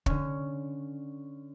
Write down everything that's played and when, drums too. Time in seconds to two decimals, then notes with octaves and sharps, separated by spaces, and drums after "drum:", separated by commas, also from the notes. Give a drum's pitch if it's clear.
0.06 D3 C#4, drum: kick